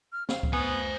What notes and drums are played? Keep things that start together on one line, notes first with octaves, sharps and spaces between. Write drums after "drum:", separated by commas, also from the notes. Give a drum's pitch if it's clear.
F6
F5, drum: snare
drum: kick C#2
B3 C5 G#5 D#6